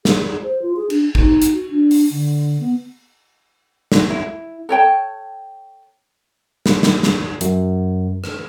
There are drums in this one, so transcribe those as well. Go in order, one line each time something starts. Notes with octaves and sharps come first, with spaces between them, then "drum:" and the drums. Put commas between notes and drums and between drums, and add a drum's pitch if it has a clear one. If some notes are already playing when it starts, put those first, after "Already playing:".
G#4, drum: snare
C5
F4
G#4
D4, drum: cymbal
D#4, drum: kick
drum: hi-hat
F#4
D4
drum: open hi-hat
D3
B3
drum: snare
E4
A4 C#5 G5 A5
drum: snare
drum: snare
drum: snare
F#2, drum: hi-hat
drum: rim click